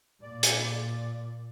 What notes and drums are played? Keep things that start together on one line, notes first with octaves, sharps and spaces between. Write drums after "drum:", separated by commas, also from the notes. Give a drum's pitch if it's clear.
A#2 D5
drum: hi-hat